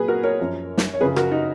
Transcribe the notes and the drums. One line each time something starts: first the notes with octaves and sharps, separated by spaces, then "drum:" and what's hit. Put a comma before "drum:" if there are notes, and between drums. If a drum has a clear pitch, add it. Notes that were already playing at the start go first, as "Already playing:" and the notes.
Already playing: A#2 F#3 G#4 B4
F#4 A#4
A#4 C#5
F#2 F3
drum: snare
C#5
F#2 C#3 F3 G#4 B4
F#4 A#4, drum: rim click
D#4